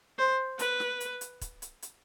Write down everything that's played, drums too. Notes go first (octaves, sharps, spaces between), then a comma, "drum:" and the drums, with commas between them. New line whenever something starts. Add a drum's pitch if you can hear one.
C5
B4, drum: hi-hat
drum: snare
drum: hi-hat
drum: hi-hat
drum: kick, hi-hat
drum: hi-hat
drum: hi-hat